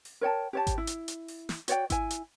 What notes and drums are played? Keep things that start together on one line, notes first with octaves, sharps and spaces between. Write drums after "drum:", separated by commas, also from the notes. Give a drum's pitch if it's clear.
drum: open hi-hat
A#4 C#5 G5 A5
G4 C#5 A5
drum: kick G#1, hi-hat
E4
drum: hi-hat
drum: hi-hat
drum: open hi-hat
drum: snare
F#4 C#5 D5 G5, drum: hi-hat
E4 G#5, drum: kick G#1, hi-hat
drum: hi-hat